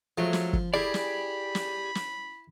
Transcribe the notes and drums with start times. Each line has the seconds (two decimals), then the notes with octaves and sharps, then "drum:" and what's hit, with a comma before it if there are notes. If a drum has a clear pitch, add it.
0.18 F3 F#3 G#3 A3
0.33 drum: snare
0.53 drum: kick
0.74 E4 G4 G#4 D5 B5
0.94 drum: snare
1.55 drum: snare
1.95 drum: snare